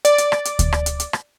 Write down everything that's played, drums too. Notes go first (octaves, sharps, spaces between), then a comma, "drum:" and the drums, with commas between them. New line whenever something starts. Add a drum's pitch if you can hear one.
D5, drum: hi-hat
drum: hi-hat
drum: rim click
drum: hi-hat
drum: kick D2, hi-hat
drum: rim click
drum: hi-hat
drum: hi-hat
drum: rim click